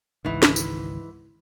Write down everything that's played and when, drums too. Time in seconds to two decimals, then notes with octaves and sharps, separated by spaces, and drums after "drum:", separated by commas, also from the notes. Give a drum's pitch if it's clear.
0.25 G#1 C#2 G#2 D#3 E3
0.43 drum: snare
0.56 drum: tambourine